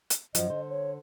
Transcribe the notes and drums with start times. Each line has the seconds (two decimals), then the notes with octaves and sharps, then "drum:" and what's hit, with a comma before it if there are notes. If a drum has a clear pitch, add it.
0.10 drum: hi-hat
0.35 F#2 F3 D#5, drum: hi-hat
0.50 D3 C5
0.70 C#5